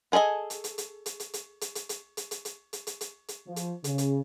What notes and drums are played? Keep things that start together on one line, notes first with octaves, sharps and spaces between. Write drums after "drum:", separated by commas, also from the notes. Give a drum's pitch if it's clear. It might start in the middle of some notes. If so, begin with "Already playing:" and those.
B3 G#4 A4 D#5 G#5
drum: hi-hat
drum: hi-hat
drum: hi-hat
drum: hi-hat
drum: hi-hat
drum: hi-hat
drum: hi-hat
drum: hi-hat
drum: hi-hat
drum: hi-hat
drum: hi-hat
drum: hi-hat
drum: hi-hat
drum: hi-hat
drum: hi-hat
drum: hi-hat
F3
drum: hi-hat
C#3, drum: hi-hat
drum: hi-hat